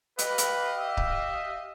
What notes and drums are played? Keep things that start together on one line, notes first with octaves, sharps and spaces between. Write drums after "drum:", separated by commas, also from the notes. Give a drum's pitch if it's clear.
G4 B4 D#5 F5, drum: hi-hat
drum: hi-hat
E5
drum: kick C#1